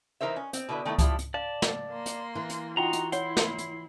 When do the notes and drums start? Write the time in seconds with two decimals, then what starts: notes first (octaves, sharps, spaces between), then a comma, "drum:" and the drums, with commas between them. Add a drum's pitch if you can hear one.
0.21 E3 D#4 A#4 C5 E5
0.36 C#4
0.53 C4, drum: hi-hat
0.69 B2 D3 E4 B4
0.85 D#3 A3 B3 D#4 E4
0.99 F3 G3 E4 G4, drum: kick C#2, hi-hat
1.19 drum: hi-hat
1.34 D5 F5 A5
1.62 drum: snare
1.91 A#3 C6
2.06 drum: hi-hat
2.35 E3
2.49 drum: hi-hat
2.77 D#4 F4 F#4 F#5 G5 A#5 C6
2.93 drum: hi-hat
3.12 E4 C#5 F#5 C6, drum: hi-hat
3.37 drum: snare
3.58 drum: hi-hat